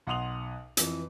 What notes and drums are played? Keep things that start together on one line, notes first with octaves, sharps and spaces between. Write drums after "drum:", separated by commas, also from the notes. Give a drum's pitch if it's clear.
B1 F#5 C6 D#6 F7 F#7
F2 E3, drum: hi-hat